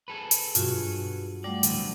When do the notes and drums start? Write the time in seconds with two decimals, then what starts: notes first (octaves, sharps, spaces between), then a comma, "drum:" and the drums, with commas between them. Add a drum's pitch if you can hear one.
0.08 G#4 A4 B4
0.31 drum: hi-hat
0.55 G2 B2 F#3 F4 F#4, drum: hi-hat
1.44 G3 A3 D5 F#5
1.63 D2 A2 C3 D#3 F3 D4, drum: hi-hat